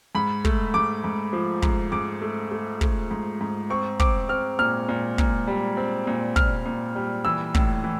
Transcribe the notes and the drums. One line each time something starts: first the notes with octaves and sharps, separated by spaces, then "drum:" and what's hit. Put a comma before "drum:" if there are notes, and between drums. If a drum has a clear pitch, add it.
G#2 B5
A3, drum: kick
G#2 D6
G#2
F3
G#2, drum: kick
G#2 D6
A3
A3
A3, drum: kick
G#2
G#2
C4 C#6
C4 D6, drum: kick
C4 F6
A#2 F6
A#2
A#2, drum: kick
G3
C4
A#2
A#2 F6, drum: kick
A#2
G3
E3 E6
A2, drum: kick
E3